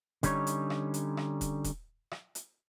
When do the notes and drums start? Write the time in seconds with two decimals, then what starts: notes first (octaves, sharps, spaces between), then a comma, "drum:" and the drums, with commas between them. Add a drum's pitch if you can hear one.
0.23 D3 G3 C#4 D#4 C#5, drum: kick D#1, hi-hat
0.47 drum: hi-hat
0.70 drum: rim click
0.94 drum: hi-hat
1.17 drum: rim click
1.41 drum: kick D#1, hi-hat
1.64 drum: kick D#1, hi-hat
2.11 drum: rim click
2.35 drum: hi-hat